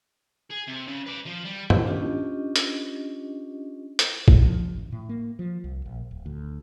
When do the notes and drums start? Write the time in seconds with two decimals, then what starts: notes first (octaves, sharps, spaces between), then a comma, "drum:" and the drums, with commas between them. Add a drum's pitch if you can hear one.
0.50 G#4
0.67 C3
0.87 C#3
1.06 B4 D5
1.26 F3
1.44 G3
1.70 drum: tom
1.84 C#4 D4 F4 G4 D#5
2.56 drum: hi-hat
3.99 drum: hi-hat
4.28 drum: kick
4.46 F3
4.76 A1
4.92 A2
5.09 A#3
5.39 F3
5.64 C2
5.86 A#1
6.11 D1
6.26 D2